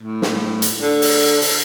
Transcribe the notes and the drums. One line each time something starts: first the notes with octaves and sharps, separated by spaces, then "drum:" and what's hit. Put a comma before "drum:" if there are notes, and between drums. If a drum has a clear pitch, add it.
A2
drum: snare
drum: hi-hat
D3
drum: open hi-hat
drum: open hi-hat